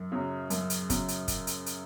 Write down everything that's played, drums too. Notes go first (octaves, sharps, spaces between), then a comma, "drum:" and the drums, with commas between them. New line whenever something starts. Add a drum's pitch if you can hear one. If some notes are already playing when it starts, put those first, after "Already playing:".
Already playing: F#2
C#3 F#3
F#2, drum: hi-hat
drum: hi-hat
C#3 F#3, drum: kick, hi-hat
drum: hi-hat
drum: kick, hi-hat
drum: hi-hat
drum: hi-hat